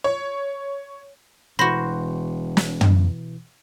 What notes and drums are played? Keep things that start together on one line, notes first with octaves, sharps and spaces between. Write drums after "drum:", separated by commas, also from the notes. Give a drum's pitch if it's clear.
C#5
E1 B2 E3 F#4 C5 B5 A#6
drum: snare
drum: tom